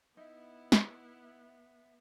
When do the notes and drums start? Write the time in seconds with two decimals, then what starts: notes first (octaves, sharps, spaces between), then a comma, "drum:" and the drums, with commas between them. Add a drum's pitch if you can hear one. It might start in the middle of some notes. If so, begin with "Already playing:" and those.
0.17 B3 D#4 E4 E5
0.72 drum: snare